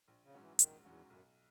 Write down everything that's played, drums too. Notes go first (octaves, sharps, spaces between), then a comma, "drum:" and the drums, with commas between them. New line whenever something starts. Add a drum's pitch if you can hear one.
A#1
C#3
G#2 F#3 C#4 F#4
E3
A#1 D#3, drum: hi-hat
E2 G#2 F#3 C#4 F#4
B1 F#2